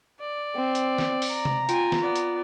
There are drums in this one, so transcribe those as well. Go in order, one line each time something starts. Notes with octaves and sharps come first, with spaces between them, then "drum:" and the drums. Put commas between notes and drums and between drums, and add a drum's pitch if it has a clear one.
D5
C4
drum: hi-hat
drum: snare
drum: open hi-hat
A#5
drum: tom C3
F4 G5 G#5, drum: hi-hat
drum: snare
B3 D5
drum: hi-hat